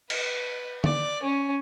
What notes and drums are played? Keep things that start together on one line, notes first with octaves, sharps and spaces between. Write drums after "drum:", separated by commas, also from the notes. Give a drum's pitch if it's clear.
B4, drum: cymbal
D5, drum: tom D3
C#4